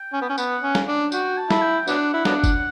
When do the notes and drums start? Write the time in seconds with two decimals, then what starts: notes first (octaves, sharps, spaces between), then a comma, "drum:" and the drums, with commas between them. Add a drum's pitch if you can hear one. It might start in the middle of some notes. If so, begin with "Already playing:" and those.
Already playing: G5
0.13 C#4
0.21 B3
0.29 C#4
0.38 B3 F#5, drum: tambourine
0.63 C#4
0.75 drum: snare
0.88 D4
1.12 F#4 G5, drum: tambourine
1.38 A5
1.51 E4, drum: snare
1.62 G5
1.88 F#3 B3 D4 F#5, drum: tambourine
2.14 E4
2.25 F#3 B3 D4, drum: snare
2.44 drum: kick, tambourine